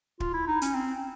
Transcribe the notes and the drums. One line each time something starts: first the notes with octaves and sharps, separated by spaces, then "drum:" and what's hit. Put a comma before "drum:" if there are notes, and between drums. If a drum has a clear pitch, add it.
F4, drum: kick
E4
D#4
C#4, drum: hi-hat
C4